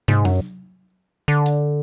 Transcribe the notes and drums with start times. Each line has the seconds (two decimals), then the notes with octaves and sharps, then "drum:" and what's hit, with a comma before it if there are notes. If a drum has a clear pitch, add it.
0.08 G#2, drum: tom
0.25 F#2, drum: tom F#3
1.28 D3
1.46 drum: hi-hat